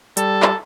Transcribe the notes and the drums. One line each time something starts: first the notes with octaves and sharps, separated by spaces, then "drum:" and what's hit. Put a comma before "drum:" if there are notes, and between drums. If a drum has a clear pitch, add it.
G3 A4, drum: hi-hat
drum: clap